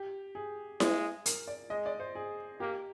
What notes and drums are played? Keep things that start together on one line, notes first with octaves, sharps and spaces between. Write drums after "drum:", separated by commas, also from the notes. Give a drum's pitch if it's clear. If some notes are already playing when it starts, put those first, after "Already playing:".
Already playing: G4
G#4
G#3, drum: snare E4
A#4, drum: hi-hat
D5
G#3 D#5
D5
C5
G#4
A#3 G4